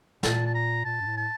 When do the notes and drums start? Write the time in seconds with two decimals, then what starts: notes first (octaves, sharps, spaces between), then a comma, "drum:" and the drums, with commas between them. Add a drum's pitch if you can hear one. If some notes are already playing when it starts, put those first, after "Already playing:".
0.23 A#2 A5, drum: snare
0.46 A5
0.55 A#5
0.85 A#2 A5
1.01 G2
1.06 A2
1.17 A5